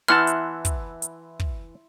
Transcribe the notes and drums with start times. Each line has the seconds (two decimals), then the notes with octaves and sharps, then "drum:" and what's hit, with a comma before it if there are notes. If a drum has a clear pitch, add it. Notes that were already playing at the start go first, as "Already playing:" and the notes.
0.08 E3 E4 F#5 A5 C6 F6
0.27 drum: hi-hat
0.65 drum: kick, hi-hat
1.02 drum: hi-hat
1.40 drum: kick